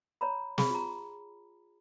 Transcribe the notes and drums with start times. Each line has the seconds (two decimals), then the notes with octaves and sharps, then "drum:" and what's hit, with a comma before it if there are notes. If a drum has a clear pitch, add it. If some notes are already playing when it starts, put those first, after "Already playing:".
0.21 C#5 A#5 B5
0.58 G#4 B5, drum: snare
0.70 F4 A#5